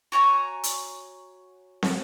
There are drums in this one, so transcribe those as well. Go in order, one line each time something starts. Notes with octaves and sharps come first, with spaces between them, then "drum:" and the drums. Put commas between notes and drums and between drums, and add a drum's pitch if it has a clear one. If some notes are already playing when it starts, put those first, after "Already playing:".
F#4 C#5 G#5 A#5
drum: hi-hat
drum: snare